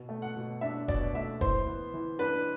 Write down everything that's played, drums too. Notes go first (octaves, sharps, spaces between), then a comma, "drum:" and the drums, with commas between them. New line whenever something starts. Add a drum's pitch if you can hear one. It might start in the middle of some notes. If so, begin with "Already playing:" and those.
Already playing: B2
A3
F#5
B2
D4 E5
B2 D5, drum: kick
A3 E5
E3 C5, drum: kick
B3
E3
D4 B4